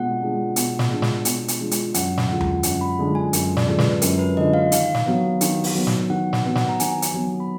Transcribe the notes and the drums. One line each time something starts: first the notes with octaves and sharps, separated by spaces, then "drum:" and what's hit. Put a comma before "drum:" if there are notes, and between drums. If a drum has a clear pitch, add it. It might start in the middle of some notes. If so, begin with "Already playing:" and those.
Already playing: B2 G#3 D4 F4 F#5
G#3 D4 F4
B2, drum: hi-hat
drum: snare
G#3 D4 F4
drum: snare
B2, drum: hi-hat
drum: hi-hat
G#3 D4 F4
drum: hi-hat
F#2 F#5, drum: hi-hat
drum: snare
D3 G#3 D4 F4 F#5
drum: tom E2
F#2 F#5, drum: hi-hat
B5
D3 G#3 D4 F4
G#5
F#2 A#4, drum: hi-hat
D5, drum: snare
D3 G#3 D4 F4
B4, drum: snare
F#2 A#4, drum: hi-hat
B4
D3 G#3 D4 F4 D#5
F5
D#3 F5, drum: hi-hat
drum: snare
F#3 B3
D#3, drum: hi-hat
drum: open hi-hat
F#3 B3
drum: snare
D#3 F#5
F#5, drum: snare
F#3 B3
F#5, drum: snare
A#5
D#3 G#5, drum: hi-hat
drum: hi-hat
F#3 B3
B5